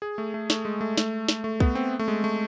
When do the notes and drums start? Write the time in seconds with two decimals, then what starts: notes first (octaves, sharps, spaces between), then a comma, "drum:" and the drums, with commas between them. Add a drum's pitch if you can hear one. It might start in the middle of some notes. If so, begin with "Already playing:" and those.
0.02 G#4
0.18 A3
0.34 A3
0.50 A3, drum: snare
0.65 G#3
0.81 A3
0.97 A3, drum: snare
1.29 drum: snare
1.44 A3
1.60 B3, drum: kick B1
1.75 C4
1.99 A3
2.08 G#3
2.24 A3